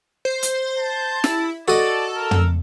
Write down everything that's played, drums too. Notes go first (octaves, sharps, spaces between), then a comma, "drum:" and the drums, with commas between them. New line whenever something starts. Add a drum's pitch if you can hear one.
C5
drum: hi-hat
A5
E4, drum: snare
F#4 A4 D5 D#5
A#4
drum: tom